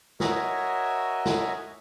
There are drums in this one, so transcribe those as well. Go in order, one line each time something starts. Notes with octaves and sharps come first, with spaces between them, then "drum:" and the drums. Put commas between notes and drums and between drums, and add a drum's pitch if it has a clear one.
F#4 A#4 C#5 D#5 E5 G#5, drum: snare
drum: snare